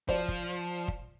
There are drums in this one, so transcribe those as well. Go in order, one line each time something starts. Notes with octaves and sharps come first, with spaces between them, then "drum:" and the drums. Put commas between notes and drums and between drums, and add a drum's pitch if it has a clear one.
F3 C5 D5, drum: kick
drum: kick
drum: kick